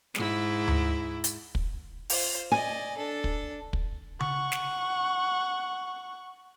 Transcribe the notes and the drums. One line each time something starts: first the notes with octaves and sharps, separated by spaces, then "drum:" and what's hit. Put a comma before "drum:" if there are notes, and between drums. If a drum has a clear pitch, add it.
G#2 E4, drum: snare
drum: tom D2
drum: hi-hat
drum: kick
F4 C5, drum: open hi-hat
D5 D#5 G#5
D4 A4
drum: kick
drum: kick
F#5 C#6, drum: tom C#3
drum: snare